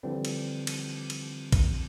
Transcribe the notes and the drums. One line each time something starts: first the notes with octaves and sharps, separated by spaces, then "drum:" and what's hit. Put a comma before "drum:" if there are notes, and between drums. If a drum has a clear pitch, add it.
D3 E3 F3 G3 C4
drum: cymbal
drum: cymbal
drum: cymbal
drum: kick A#1, cymbal